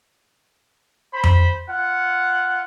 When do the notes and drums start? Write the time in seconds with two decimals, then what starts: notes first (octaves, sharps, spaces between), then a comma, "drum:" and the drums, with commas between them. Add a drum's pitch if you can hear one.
1.14 C5 B5
1.24 drum: tom F2
1.69 F4 F#5